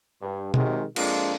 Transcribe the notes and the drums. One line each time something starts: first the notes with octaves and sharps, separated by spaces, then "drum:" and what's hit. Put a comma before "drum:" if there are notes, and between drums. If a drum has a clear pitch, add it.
G2
C3 D#3 F#3 G#3, drum: tom B2
F2 G#3 A#3 D4 F4, drum: cymbal